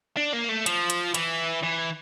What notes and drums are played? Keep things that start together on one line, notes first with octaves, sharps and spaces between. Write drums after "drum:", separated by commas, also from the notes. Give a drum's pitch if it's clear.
D4
A#3
A3
F3, drum: hi-hat
drum: hi-hat
E3, drum: hi-hat
E3